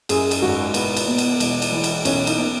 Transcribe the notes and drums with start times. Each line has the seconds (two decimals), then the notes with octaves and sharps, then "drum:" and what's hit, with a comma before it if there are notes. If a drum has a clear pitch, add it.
0.09 F#2 G#4, drum: cymbal
0.31 drum: cymbal
0.42 G#1 F#4
0.74 B2 B3, drum: cymbal
0.97 drum: cymbal
1.08 B2
1.18 drum: cymbal
1.40 E1, drum: cymbal
1.62 drum: cymbal
1.72 E3
1.84 drum: cymbal
2.05 B1 C#4, drum: cymbal
2.27 D#4, drum: cymbal
2.38 B2